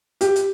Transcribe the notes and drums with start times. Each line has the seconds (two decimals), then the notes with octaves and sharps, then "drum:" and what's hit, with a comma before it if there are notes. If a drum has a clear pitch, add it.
0.21 G4, drum: hi-hat
0.36 drum: hi-hat